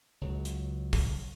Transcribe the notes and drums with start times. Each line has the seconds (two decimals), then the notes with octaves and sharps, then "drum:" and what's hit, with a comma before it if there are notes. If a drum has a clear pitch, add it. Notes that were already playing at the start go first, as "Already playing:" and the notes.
0.21 C#2 F#3
0.45 drum: hi-hat
0.93 drum: kick, open hi-hat